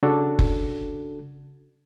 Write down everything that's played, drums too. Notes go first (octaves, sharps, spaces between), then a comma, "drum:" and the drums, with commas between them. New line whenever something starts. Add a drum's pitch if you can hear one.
C#3 D4 F#4 A4
drum: kick F#1